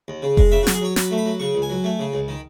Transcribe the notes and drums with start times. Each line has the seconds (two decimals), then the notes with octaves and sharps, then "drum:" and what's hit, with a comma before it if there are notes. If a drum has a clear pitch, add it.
0.08 D#2
0.22 C#3
0.37 G#3, drum: kick F1
0.52 C#3 E5
0.63 F#4
0.67 F#3, drum: snare
0.74 G#4
0.81 F#3 C#5
0.96 F#3 B5, drum: snare
1.11 A3
1.18 B5
1.26 F#3
1.40 C#3 C#6
1.55 C#2
1.62 G#5
1.70 F#3
1.84 A3
1.99 C#3
2.14 C#2
2.28 D#3